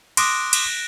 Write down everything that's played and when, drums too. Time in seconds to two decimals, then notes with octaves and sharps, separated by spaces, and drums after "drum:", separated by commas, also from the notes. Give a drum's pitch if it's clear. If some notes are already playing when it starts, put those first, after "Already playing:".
0.17 C6 D6 D#6 F#6 A#6 D7, drum: cymbal
0.53 drum: cymbal